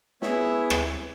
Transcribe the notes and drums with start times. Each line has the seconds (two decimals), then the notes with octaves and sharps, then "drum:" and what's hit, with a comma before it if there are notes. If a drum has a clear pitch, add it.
0.22 B3 E4 G#4 C#5 E5, drum: snare
0.70 drum: rim click